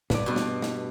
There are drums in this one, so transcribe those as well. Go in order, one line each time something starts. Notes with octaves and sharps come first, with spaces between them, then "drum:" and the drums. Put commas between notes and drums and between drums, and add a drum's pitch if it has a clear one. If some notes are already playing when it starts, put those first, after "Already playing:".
A2 G3 B4 D5, drum: snare
G2 B2 B3
drum: snare
drum: snare